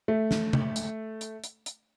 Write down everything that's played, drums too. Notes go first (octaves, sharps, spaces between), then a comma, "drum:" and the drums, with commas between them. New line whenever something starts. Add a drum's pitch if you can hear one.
A3
drum: snare
drum: tom C3
drum: hi-hat
drum: hi-hat
drum: hi-hat
drum: hi-hat